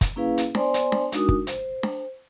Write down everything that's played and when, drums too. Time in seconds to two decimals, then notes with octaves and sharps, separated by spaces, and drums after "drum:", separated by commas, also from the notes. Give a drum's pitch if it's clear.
0.01 drum: kick, hi-hat
0.16 A#3 C#4 E4 G#4 B4 F5
0.37 drum: hi-hat
0.55 B3 C5 D5 G#5 C6, drum: snare D4
0.74 drum: hi-hat
0.92 drum: snare D4
1.12 G#3 D4 D#4 F#4 A#4 D#6, drum: hi-hat
1.29 drum: kick
1.47 C5, drum: hi-hat
1.83 drum: snare D4